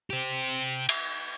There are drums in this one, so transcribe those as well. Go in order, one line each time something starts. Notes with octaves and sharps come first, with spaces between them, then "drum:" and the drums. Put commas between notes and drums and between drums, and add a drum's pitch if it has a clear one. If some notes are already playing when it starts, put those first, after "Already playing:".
G4 C5
drum: cymbal